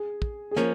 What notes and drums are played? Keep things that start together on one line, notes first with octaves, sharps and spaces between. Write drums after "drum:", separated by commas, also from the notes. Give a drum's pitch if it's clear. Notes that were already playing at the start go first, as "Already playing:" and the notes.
Already playing: G#4
drum: kick
G#4
F3 A#3 C#4 A#4, drum: snare